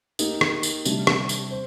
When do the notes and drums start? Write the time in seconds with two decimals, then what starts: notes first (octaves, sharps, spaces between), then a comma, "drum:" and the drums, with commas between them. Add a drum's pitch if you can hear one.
0.19 A#3 D#4 G4 A#4, drum: tambourine
0.41 drum: rim click
0.63 drum: tambourine
0.85 C3 G3 D4, drum: tambourine
1.07 drum: rim click
1.29 drum: tambourine
1.51 C5